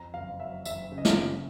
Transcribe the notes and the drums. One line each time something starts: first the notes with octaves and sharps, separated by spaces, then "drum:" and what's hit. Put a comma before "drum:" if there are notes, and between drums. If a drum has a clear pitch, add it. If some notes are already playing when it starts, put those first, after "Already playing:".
Already playing: F2 A#5
F#1 F5
F#3 E5
F#1 E5, drum: tambourine
C#3
D#5
E5, drum: snare
C#3